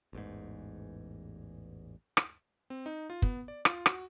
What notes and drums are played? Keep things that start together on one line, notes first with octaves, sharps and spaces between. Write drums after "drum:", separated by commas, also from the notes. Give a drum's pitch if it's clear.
A1 E2 G#2
drum: rim click
C4
D#4
F4
B3, drum: kick
D5
F4, drum: rim click
F#4, drum: rim click